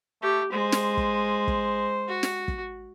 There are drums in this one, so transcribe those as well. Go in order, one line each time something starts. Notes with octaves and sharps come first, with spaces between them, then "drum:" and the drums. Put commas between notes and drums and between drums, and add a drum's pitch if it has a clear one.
A3 G4
G#3 C5
drum: snare
drum: kick
drum: kick
F#4
drum: snare
drum: kick